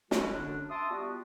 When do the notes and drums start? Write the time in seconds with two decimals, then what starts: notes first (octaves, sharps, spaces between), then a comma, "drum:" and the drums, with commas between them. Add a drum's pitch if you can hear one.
0.11 A2 G3 G#3 E4 F#4 A4, drum: snare
0.32 F#2 D3 C#4 D4
0.70 E5 A5 C6 D6 D#6
0.89 G3 B3 F4 F#4